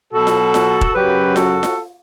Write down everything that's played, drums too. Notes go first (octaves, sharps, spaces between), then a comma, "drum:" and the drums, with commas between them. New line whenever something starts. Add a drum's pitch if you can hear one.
B2 F#3 F#4 A4
drum: snare F4
drum: snare F4
drum: kick
F#2 C#3 F#3 G4 B4
F#4 A4, drum: snare F4
drum: snare F4